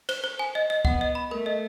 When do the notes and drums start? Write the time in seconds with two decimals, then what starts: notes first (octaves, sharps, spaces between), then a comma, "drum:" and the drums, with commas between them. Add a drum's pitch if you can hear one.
0.09 C5, drum: cymbal
0.24 C5
0.39 G#5
0.55 D#5
0.70 D#5
0.85 B3 F#5, drum: kick C2
1.01 D#5
1.15 B5
1.31 A3 A#4
1.46 D#5